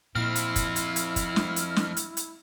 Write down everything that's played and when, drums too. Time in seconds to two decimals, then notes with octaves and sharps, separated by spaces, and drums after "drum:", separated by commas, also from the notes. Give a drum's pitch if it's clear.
0.15 F2 A#2 C4 E4 F6
0.36 drum: hi-hat
0.56 drum: kick, hi-hat
0.76 drum: hi-hat
0.96 drum: hi-hat
1.16 drum: kick, hi-hat
1.36 drum: snare
1.56 drum: hi-hat
1.76 drum: snare
1.97 drum: hi-hat
2.17 drum: hi-hat